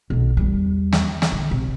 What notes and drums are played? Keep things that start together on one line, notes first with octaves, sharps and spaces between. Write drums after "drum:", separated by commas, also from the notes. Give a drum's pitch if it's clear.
B1 D#3
E2 G3
drum: snare
drum: snare
D3
C3